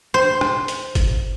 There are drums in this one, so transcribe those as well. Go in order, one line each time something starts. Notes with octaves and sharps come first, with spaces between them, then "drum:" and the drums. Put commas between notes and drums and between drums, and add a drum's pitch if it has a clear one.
C5
drum: rim click
drum: hi-hat
drum: kick G1, hi-hat